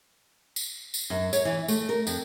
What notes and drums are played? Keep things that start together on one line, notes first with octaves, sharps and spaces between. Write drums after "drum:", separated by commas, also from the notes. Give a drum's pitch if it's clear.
drum: tambourine
drum: tambourine
F#2
C#5, drum: tambourine
E3
A3, drum: tambourine
A#4
F2, drum: tambourine